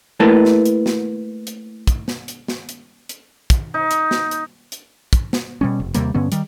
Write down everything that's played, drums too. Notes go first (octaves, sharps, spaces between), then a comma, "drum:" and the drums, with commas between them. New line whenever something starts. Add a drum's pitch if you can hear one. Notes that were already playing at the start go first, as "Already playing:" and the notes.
A3 A#3 E4 A#4 B4 A5
drum: snare
drum: hi-hat
drum: snare
drum: hi-hat
drum: kick, hi-hat
drum: snare
drum: hi-hat
drum: snare
drum: hi-hat
drum: hi-hat
drum: kick, hi-hat
D#4
drum: hi-hat
drum: snare
drum: hi-hat
drum: hi-hat
drum: kick, hi-hat
drum: snare
B2 G3 C#4
F1
D#2 C3 G3 A#3, drum: hi-hat
G2 D3 B3 C#4
D#3 G3, drum: hi-hat